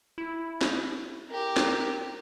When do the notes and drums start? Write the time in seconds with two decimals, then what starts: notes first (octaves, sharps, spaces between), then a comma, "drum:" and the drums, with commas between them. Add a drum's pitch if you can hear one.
0.18 E4
0.61 drum: snare
1.29 G4 A#4
1.57 drum: snare